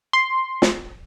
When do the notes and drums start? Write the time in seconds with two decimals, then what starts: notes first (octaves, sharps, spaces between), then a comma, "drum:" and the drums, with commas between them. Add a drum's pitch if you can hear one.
0.13 C6
0.62 drum: snare